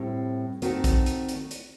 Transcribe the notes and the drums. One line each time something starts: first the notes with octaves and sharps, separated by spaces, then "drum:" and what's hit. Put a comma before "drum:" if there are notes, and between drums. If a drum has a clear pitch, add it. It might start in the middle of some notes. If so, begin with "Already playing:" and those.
Already playing: A2 G3 C4
D#3 A3 C4 F#4 A4, drum: hi-hat
drum: kick, hi-hat
drum: hi-hat
drum: hi-hat
drum: hi-hat